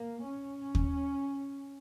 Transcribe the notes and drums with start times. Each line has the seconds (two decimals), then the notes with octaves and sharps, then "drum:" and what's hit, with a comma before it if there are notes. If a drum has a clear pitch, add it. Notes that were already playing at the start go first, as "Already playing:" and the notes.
Already playing: A#3
0.26 C#4
0.75 drum: kick